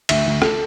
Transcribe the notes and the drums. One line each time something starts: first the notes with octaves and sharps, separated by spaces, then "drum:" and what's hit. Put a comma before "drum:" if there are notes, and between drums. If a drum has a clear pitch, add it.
D2 E5, drum: cymbal
D2
A4, drum: rim click